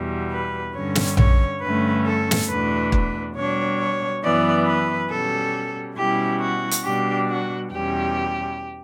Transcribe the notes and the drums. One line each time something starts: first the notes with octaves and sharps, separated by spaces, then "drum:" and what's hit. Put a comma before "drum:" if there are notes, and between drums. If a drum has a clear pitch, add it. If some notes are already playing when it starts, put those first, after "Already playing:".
Already playing: E2 B2 G3
B4
G2 D3 G3 C#4 C#5
drum: snare
C#5, drum: tom A#1
G2 D3 A3 C#4 B4
A4
drum: snare
E2 B2 A3 D4 B4
B4, drum: kick
B2 G3 D4 C#5
C#5
F#2 E3 B3 D5
B4
B2 G3 C#4 A4
B2 G3 C#4 E4 G4
F#4
drum: hi-hat
B2 G3 D4 G4
F#4
E2 B2 G3 C#4 G4